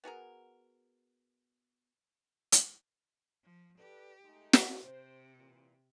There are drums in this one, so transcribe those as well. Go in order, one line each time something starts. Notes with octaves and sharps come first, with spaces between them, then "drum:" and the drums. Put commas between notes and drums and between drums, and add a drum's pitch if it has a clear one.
B3 F#4 G#4 A#4
drum: hi-hat
F3
G4 A4 B4 D5
G#3 A3 D#4
drum: snare
C3 C5
A#2 E3